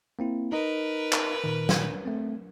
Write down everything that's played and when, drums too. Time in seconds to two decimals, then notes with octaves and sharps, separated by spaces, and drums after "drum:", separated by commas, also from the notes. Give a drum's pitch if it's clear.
0.19 A#3 C4 E4
0.52 D#4 A#4 B4 D#5
1.13 drum: clap
1.44 A#2 D#3
1.69 drum: snare
2.05 A3 C4